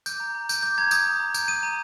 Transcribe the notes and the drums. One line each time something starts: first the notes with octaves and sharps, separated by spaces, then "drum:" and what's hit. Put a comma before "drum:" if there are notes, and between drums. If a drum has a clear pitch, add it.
D6 G6, drum: tambourine
A#5
A#5
G6, drum: tambourine
D6 G6
A#5 G#6
D#6 G6, drum: tambourine
A#5
A#5
G6, drum: tambourine
D#6 D#7
A#5